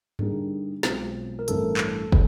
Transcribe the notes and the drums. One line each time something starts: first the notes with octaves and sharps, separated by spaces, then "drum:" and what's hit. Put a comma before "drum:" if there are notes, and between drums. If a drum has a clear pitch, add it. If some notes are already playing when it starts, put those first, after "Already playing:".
D3 G3 A#3 D#4 G#4, drum: tom G2
B1 B2 G#3 C4 F4, drum: snare
A#4
A1 G2 E3 A3 C4 A4, drum: hi-hat
drum: clap
G#3, drum: kick